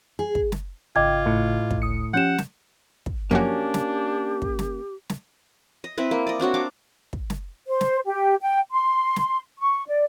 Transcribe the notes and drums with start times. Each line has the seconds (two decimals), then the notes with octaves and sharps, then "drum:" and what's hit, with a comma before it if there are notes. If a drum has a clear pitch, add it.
0.19 G#4
0.35 drum: kick
0.52 drum: snare
0.96 G#1 C#3 F4 D#5 G5 D6 G#6
1.26 A2
1.71 drum: kick
1.82 C#2 D#6 C#7
2.14 F3 C#4 G4 F#5 G6 E7
2.38 drum: snare
3.06 drum: kick
3.31 F#2 F3 A#3 C#4 D4 F#4 G4
3.74 drum: snare
4.42 drum: kick
4.59 drum: snare
5.10 drum: snare
5.84 D#5
5.98 C4 E4 B4
6.11 A#3
6.27 D5 D#5
6.40 C4 D4 F#4 C#5
6.54 D4 F5 D6
7.13 drum: kick
7.30 drum: snare
7.68 C5
7.81 drum: snare
8.06 G4
8.41 G5
8.71 C6
9.16 drum: snare
9.59 C#6
9.87 D5